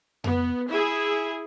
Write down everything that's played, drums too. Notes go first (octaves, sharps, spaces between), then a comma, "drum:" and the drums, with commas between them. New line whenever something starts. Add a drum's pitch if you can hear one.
B3, drum: tom F2
E4 G#4